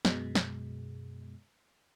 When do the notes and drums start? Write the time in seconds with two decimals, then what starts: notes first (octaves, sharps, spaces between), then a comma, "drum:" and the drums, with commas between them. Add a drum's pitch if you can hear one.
0.05 F#2 B2 G#3, drum: snare
0.35 drum: snare